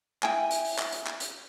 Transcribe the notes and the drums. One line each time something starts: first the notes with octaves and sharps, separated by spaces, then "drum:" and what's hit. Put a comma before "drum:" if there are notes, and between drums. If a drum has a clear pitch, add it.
E4 G5 G#5, drum: clap
drum: hi-hat
drum: open hi-hat
drum: clap
drum: hi-hat
drum: clap
drum: hi-hat